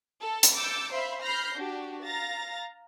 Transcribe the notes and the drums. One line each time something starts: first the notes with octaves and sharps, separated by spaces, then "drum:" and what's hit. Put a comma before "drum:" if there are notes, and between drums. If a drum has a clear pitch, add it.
A4
drum: hi-hat
D6 E6 G6 A6 C#7 D7
C5 E5 F5 B5 C6
B5 F6 G6 A#6 C7
D4 F#4 G4
F5 A#5 A6 A#6